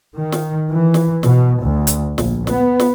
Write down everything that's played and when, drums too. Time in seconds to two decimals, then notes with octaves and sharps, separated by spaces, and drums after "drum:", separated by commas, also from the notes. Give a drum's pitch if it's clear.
0.17 D#3
0.32 drum: snare
0.69 E3
0.94 drum: snare
1.23 B2, drum: snare
1.61 D2
1.87 drum: hi-hat
2.18 A#1, drum: snare
2.47 B3, drum: snare
2.80 drum: snare